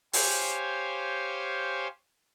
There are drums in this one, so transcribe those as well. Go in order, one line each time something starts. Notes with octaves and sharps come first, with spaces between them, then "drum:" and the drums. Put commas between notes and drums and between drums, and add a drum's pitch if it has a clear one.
G4 C5 C#5 F5 G#5, drum: open hi-hat